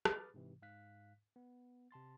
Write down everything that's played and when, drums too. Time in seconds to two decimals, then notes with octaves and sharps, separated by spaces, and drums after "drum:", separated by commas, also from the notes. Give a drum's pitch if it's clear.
0.05 B4 B5 D6 D#6 F6 A6, drum: rim click
0.34 G#2 C3 E3
0.62 G#2 F5 F#6 B6
1.36 B3
1.91 C3 A5 C6 A6